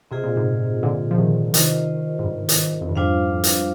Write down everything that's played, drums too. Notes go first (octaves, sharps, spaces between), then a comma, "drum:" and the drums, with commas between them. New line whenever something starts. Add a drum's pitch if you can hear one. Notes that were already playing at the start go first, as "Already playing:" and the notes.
C3 C4 F4 G#4 C5 D#5
A#2
G#2 C3
A#2 D3
F3
C3 D#3
C3 D#3 F4 C5 D#5, drum: hi-hat
G#2
G2
drum: hi-hat
F2
G2
F2 G#2 G3 D4 F4 C5 F5
F2
drum: hi-hat